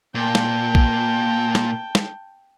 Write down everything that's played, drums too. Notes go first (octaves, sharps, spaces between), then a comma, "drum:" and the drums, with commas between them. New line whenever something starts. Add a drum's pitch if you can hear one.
A#2 G5 A5
drum: snare
drum: kick
drum: snare
drum: snare